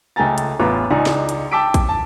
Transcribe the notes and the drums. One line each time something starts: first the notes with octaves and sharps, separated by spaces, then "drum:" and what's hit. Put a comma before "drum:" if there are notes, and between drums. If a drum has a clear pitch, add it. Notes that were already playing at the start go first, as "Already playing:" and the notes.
C#2 A3 G5 G#5 A#5 A6
drum: hi-hat
A1 E2 F4 B4 A#5 D6
C#2 D#4 F4 G#4 D5 A#5
drum: snare
drum: hi-hat
G5 A5 D6 E6 B6 D7
drum: kick, hi-hat
A5